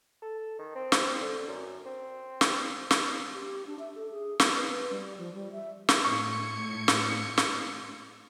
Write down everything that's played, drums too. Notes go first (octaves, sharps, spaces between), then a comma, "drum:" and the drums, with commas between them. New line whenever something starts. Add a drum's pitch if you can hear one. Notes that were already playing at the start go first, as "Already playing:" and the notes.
A4
D#3
C4
drum: snare
D3
F#2
C4
drum: snare
drum: snare
G4
D4
E5
A4
G#4
B3, drum: snare
B4
G3
F3
G3
E5
drum: snare
A2 C#6 G#6 C#7
drum: snare
drum: snare